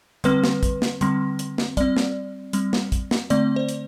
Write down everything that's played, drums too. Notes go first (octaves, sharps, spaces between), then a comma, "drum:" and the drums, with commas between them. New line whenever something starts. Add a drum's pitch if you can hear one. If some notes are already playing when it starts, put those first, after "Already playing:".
D3 G3 C4 B4, drum: hi-hat
drum: snare
drum: kick, hi-hat
drum: snare
D3 G3 C4, drum: hi-hat
drum: hi-hat
drum: snare
G3 C4 D5, drum: kick, hi-hat
drum: snare
G3 C4, drum: hi-hat
drum: snare
drum: kick, hi-hat
drum: snare
D3 A3 C4 D5, drum: hi-hat
C5
drum: hi-hat